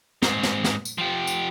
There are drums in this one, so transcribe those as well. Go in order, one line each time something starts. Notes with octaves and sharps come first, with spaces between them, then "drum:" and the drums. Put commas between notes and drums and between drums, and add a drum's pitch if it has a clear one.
G#2 C4, drum: snare
drum: snare
drum: snare
drum: tambourine
F3 G4
drum: tambourine